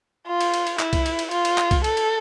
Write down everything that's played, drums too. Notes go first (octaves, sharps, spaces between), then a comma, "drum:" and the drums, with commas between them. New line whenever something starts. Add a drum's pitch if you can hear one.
F4
drum: cymbal
drum: cymbal
drum: cymbal
E4, drum: clap
drum: kick C2, cymbal
drum: cymbal
drum: cymbal
F4, drum: cymbal
drum: cymbal
drum: clap
drum: kick C2, cymbal
A4, drum: cymbal
drum: cymbal